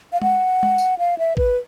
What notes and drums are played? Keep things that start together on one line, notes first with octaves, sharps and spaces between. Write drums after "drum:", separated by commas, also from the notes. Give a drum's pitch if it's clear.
F5
F#5, drum: tom G#3
drum: tom G#3
drum: tambourine
F5
E5
B4, drum: kick A1